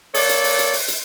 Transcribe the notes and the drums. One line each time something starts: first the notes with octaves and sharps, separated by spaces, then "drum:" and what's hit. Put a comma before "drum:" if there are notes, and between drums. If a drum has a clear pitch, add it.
A#3 A4 C#5 D5, drum: open hi-hat
drum: hi-hat
drum: open hi-hat
drum: hi-hat
drum: open hi-hat
drum: hi-hat